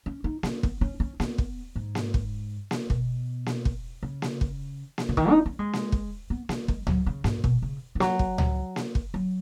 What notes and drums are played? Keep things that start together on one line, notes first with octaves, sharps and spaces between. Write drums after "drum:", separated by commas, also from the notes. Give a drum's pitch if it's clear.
C#4
D#4
C#4, drum: snare A#3
B3, drum: kick
C#4
C#4
B3, drum: snare A#3
drum: kick
G#2
drum: snare A#3
drum: kick
drum: snare A#3
B2, drum: kick
drum: snare A#3
drum: kick
C#3
drum: snare A#3
drum: kick
drum: snare A#3
C#3
D#3, drum: kick
D#4
C#4
G#3
drum: snare A#3
drum: kick
B3
G#3, drum: snare A#3
G#3, drum: kick
F#3, drum: tom C#2
C#3
G#2, drum: snare A#3
B2, drum: kick
C#3
D#3
F#3, drum: snare A#3
drum: kick
drum: tom C#2
drum: snare A#3
drum: kick
F#3